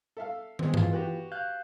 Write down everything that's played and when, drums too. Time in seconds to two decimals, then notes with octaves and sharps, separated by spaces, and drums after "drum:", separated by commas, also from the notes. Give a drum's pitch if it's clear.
0.17 A4 E5 F5
0.59 G#3 B3 C4, drum: tom
0.74 E3 F4, drum: tom G2
0.93 F#4 G4 B4
1.32 F5 F#6 G6